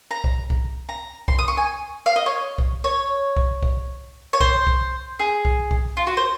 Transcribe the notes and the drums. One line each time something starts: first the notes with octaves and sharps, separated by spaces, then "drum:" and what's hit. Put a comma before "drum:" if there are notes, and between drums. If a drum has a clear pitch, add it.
A#5
drum: kick B1
drum: kick B1
A#5
C6, drum: kick B1
D#6
C#6
G#5
F5
D#5
C#5
drum: kick B1
C#5
drum: kick B1
drum: kick B1
C#5
C5, drum: kick B1
drum: kick B1
G#4
drum: kick B1
drum: kick B1
F4
F#4
C5